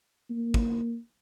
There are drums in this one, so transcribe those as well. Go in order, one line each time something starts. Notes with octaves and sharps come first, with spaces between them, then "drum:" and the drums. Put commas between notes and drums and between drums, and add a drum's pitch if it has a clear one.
A#3
drum: kick